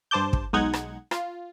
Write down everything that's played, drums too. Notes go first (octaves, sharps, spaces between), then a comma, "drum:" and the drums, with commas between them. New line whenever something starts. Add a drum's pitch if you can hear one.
G2 C5 A5 D6 G6
drum: kick
B1 G#3 D#4 F#5 G#6
drum: rim click
F4, drum: rim click